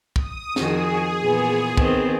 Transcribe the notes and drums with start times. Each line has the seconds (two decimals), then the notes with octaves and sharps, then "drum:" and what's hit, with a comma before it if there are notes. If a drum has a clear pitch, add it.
0.16 D#6, drum: kick
0.56 F2 D#3 F#4 G#4, drum: snare
1.21 A#2 E3 B3
1.77 D#3 B3 C4, drum: kick